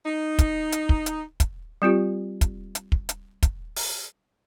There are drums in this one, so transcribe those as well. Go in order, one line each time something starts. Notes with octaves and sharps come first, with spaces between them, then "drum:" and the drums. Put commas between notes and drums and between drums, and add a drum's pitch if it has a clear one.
D#4
drum: kick, hi-hat
drum: hi-hat
drum: kick
drum: hi-hat
drum: kick, hi-hat
G3 C4 F4 G4
drum: kick, hi-hat
drum: hi-hat
drum: kick
drum: hi-hat
drum: kick, hi-hat
drum: open hi-hat